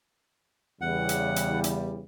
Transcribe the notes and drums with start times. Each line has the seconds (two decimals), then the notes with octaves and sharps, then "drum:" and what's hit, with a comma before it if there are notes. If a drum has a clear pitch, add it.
0.81 E2 C#3 G3 F#5
1.09 drum: hi-hat
1.36 drum: hi-hat
1.64 drum: hi-hat